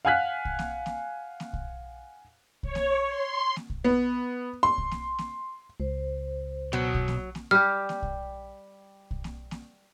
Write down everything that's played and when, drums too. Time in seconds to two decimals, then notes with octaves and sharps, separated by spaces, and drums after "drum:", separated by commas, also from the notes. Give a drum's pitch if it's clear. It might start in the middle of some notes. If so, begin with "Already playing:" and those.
0.05 F5 F#5 G#5 F6 F#6 B6
0.45 drum: kick B1
0.59 drum: snare A#3
0.86 drum: snare A#3
1.40 drum: snare A#3
1.53 drum: kick B1
2.63 C#5, drum: kick B1
2.75 drum: snare A#3
3.08 C6
3.56 drum: snare A#3
3.70 drum: kick B1
3.84 B3
4.63 C6
4.78 drum: kick B1
4.91 drum: snare A#3
5.18 drum: snare A#3
5.80 C#2 C5
6.73 B2 F#3
6.94 drum: kick B1
7.08 drum: snare A#3
7.35 drum: snare A#3
7.51 G3 G4 F6
7.89 drum: snare A#3
8.02 drum: kick B1
9.11 drum: kick B1
9.24 drum: snare A#3
9.51 drum: snare A#3